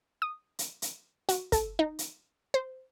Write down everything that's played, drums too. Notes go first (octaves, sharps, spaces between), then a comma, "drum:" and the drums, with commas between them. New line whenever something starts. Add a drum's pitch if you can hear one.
D#6
drum: hi-hat
drum: hi-hat
F#4, drum: hi-hat
A4, drum: kick, hi-hat
D#4
drum: hi-hat
C5